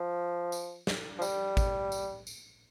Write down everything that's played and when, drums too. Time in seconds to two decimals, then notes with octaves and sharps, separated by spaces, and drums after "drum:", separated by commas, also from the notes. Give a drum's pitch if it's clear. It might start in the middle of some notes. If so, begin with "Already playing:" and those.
Already playing: F3
0.52 drum: tambourine
0.87 drum: snare
1.18 F3
1.22 G3, drum: tambourine
1.57 drum: kick G#1, tambourine
1.92 drum: tambourine
2.27 drum: tambourine